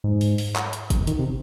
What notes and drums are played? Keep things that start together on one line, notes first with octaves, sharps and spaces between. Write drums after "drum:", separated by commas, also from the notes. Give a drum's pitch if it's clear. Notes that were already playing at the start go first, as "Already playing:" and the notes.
G#2
drum: open hi-hat
drum: open hi-hat
drum: clap
drum: hi-hat
drum: kick, hi-hat
D#3, drum: hi-hat
C3